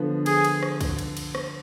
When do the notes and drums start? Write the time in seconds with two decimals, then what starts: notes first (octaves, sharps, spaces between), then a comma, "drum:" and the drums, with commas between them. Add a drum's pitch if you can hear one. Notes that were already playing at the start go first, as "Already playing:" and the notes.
Already playing: D3 F3 B3
0.26 G#4, drum: cymbal
0.44 drum: cymbal
0.63 drum: rim click
0.81 drum: kick C2, cymbal
0.99 drum: cymbal
1.17 drum: cymbal
1.35 drum: rim click